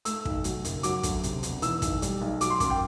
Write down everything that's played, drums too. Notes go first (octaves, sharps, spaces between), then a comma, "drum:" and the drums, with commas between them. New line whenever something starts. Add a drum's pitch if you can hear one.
A3 E6, drum: hi-hat
B1, drum: kick
F#3, drum: hi-hat
F#1, drum: hi-hat
F#3 D6, drum: hi-hat
D2, drum: kick, hi-hat
C3, drum: hi-hat
E1, drum: hi-hat
E3 E6, drum: hi-hat
B1, drum: kick, hi-hat
G3, drum: hi-hat
B1
F#3 D6, drum: hi-hat
C6
F#2 D6, drum: kick, hi-hat
G5